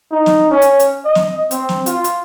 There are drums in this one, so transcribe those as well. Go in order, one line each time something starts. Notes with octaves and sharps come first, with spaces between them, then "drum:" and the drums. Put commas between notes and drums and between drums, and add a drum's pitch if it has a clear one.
D#4
drum: snare
C#4
drum: hi-hat
drum: hi-hat
D#5
drum: snare
C4, drum: hi-hat
drum: snare
F4, drum: hi-hat
drum: hi-hat